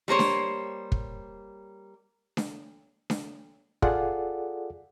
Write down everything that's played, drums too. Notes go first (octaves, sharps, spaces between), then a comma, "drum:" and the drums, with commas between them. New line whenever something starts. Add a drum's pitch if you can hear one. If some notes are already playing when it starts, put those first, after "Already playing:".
G3 A#3 C5 C#5
drum: snare D4
drum: kick
drum: snare D4
drum: snare D4
F4 G#4 A4 D5 F#5, drum: kick